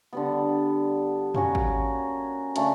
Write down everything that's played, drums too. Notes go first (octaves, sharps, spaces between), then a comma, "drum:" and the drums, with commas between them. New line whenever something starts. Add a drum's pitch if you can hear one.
D3 G3 B3
A#3 C#4 F#4, drum: tom F2
drum: kick
C#3 F#3 A3 D4, drum: hi-hat